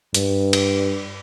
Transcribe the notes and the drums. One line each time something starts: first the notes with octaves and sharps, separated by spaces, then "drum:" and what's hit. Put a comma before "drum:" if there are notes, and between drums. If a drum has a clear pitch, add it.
G2, drum: hi-hat
drum: cymbal